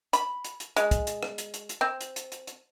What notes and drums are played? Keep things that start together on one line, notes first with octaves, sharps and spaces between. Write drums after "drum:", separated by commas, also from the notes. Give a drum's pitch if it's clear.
B5, drum: hi-hat
drum: hi-hat
drum: hi-hat
G#3, drum: hi-hat
drum: kick, hi-hat
drum: hi-hat
drum: rim click
drum: hi-hat
drum: hi-hat
drum: hi-hat
C4
drum: hi-hat
drum: hi-hat
drum: hi-hat
drum: hi-hat